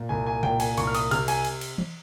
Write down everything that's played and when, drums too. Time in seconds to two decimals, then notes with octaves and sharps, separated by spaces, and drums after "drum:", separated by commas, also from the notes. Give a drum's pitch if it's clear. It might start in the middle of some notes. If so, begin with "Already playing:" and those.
Already playing: A#2
0.09 C2 G#5
0.26 G#5
0.43 A#2 G5, drum: tom B2
0.60 G#5, drum: cymbal
0.77 C2 C#6, drum: cymbal
0.87 F6
0.95 D#6, drum: cymbal
1.11 C3 F6, drum: cymbal
1.28 G#5, drum: cymbal
1.45 drum: cymbal
1.61 drum: cymbal
1.78 drum: tom